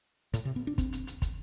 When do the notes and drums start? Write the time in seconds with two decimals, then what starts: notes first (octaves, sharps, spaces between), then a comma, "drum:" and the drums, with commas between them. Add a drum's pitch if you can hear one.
0.33 A2, drum: hi-hat
0.45 C3
0.56 B3
0.67 D4
0.78 C4, drum: kick, hi-hat
0.93 drum: hi-hat
1.07 drum: hi-hat
1.22 drum: kick, hi-hat